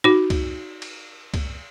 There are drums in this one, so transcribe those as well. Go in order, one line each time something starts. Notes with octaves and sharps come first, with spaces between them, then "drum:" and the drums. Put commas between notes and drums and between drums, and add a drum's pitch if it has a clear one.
D#4 F#4
drum: kick, cymbal
drum: cymbal
drum: kick, cymbal